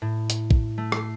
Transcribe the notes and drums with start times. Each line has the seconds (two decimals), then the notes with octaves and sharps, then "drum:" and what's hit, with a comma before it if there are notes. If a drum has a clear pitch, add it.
0.02 A2
0.30 drum: hi-hat
0.51 drum: kick
0.78 A3
0.92 C7, drum: rim click